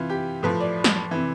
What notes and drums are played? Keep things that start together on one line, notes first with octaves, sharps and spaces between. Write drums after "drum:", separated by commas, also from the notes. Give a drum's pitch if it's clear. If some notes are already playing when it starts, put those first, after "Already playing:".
Already playing: C3 E3 F4
G4
A2 F3 B4
D5
drum: snare
C3 E3